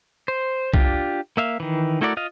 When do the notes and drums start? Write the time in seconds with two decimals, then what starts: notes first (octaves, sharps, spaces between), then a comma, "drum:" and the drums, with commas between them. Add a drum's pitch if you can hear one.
0.28 C5
0.74 D4 F4 G4, drum: kick
1.37 A#3 E5 F5
1.60 D#3 E3
2.01 A3 E4 F#4 A#4 D5
2.17 F4 D#5 F5